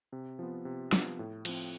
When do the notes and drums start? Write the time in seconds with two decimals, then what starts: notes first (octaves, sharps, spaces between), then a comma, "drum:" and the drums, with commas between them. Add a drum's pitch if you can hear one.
0.12 C3
0.39 F3 B3
0.65 C3
0.93 F3 B3, drum: snare
1.19 A2
1.45 F3 C4, drum: cymbal